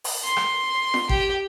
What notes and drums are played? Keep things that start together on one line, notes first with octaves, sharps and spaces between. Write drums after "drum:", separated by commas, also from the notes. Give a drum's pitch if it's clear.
drum: open hi-hat
C6
drum: rim click
drum: snare
G4, drum: kick